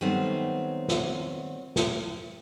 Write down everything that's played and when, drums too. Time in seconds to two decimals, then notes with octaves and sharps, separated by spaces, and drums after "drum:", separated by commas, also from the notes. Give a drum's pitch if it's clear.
0.01 D#3 F#3 G3 A3 B3 C4
0.88 drum: snare
1.76 drum: snare